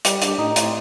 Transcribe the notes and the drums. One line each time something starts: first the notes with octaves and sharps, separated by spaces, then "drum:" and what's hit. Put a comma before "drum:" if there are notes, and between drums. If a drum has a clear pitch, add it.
G3 G4, drum: hi-hat
D4, drum: hi-hat
G4
A2 D#4
D#4
A2, drum: hi-hat
C4